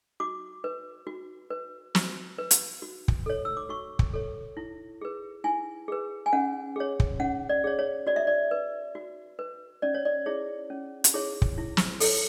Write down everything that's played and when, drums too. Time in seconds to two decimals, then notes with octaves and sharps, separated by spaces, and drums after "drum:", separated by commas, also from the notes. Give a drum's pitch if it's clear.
0.20 F#4 D6
0.64 B4
1.07 F#4
1.50 B4
1.95 F#4, drum: snare
2.38 B4
2.51 drum: hi-hat
2.82 F#4
3.08 drum: kick
3.26 A4 C#5
3.45 E6
3.57 D6
3.69 F#4 C#6
3.99 drum: kick
4.13 A4 C#5
4.57 E4
5.01 G#4 B4
5.44 E4 G#5
5.88 G#4 B4
6.26 G#5
6.33 C#4 F#5
6.76 G#4 C#5
7.00 drum: kick
7.20 C#4 F#5
7.49 D5
7.64 G#4 C#5
7.79 C#5
8.07 F#4 D5
8.16 E5
8.27 D5
8.51 B4
8.95 F#4
9.39 B4
9.82 C#4 D5
9.94 C#5
10.05 D5
10.26 E4 G#4 C#5
10.70 C#4
11.04 drum: hi-hat
11.14 E4 G#4 C#5
11.42 drum: kick
11.58 E4
11.77 drum: snare
12.00 A4 C#5, drum: open hi-hat